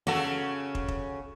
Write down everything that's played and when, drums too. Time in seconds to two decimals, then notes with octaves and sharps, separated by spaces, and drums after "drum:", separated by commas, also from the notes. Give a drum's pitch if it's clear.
0.07 C#3 C#4 F#4 A4
0.75 drum: kick
0.88 drum: kick